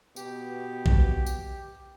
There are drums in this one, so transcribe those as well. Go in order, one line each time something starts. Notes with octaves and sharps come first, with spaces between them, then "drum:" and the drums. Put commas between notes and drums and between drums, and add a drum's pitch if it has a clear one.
B2 G4, drum: tambourine
drum: kick A#1
drum: tambourine